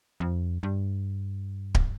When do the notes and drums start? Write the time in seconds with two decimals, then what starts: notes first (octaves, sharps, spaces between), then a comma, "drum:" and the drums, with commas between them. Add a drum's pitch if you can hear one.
0.20 F2
0.63 G2
1.75 drum: kick D1